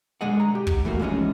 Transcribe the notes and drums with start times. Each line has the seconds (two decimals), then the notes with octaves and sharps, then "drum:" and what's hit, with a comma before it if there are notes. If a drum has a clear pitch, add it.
0.21 B1 D3 G#3 G#4 D#5 F#5
0.40 A#5
0.55 G4
0.67 drum: kick
0.85 E3 A3 A#3 F#4
0.99 E3 F3 G#3 B3 C#4 D#4